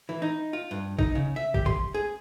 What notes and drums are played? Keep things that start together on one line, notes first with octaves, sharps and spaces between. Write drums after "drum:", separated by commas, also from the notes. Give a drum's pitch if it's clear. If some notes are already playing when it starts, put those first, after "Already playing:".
E3
D#4
F4
G2
D#4, drum: kick
C#3
E5
G4, drum: kick
C6, drum: kick
G#4